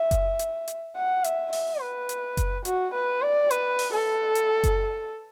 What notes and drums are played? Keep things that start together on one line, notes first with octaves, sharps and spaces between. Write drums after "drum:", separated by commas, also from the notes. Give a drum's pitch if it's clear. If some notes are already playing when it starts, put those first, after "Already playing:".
Already playing: E5
drum: kick F#1, hi-hat
drum: hi-hat
drum: hi-hat
F#5
E5, drum: hi-hat
E5, drum: open hi-hat
B4
drum: hi-hat
drum: kick F#1, hi-hat
F#4, drum: hi-hat
B4
D5
B4, drum: hi-hat
drum: open hi-hat
A4
drum: hi-hat
drum: kick F#1, hi-hat